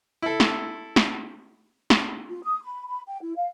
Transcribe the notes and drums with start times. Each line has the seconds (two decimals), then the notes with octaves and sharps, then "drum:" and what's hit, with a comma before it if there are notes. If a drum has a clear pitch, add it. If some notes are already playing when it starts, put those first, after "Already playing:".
0.22 E4 A4
0.40 drum: snare
0.96 drum: snare
1.90 drum: snare
2.29 F4
2.43 D#6
2.63 B5
2.87 B5
3.08 G5
3.22 E4
3.36 F5